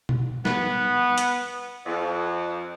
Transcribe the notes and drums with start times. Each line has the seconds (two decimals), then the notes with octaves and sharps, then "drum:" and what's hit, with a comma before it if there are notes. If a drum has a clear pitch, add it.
0.09 drum: tom B2
0.45 B3, drum: snare
1.18 drum: hi-hat
1.86 F2